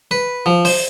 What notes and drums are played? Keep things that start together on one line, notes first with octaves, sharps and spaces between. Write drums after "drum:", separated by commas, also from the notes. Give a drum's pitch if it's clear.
B4
F3
C5, drum: open hi-hat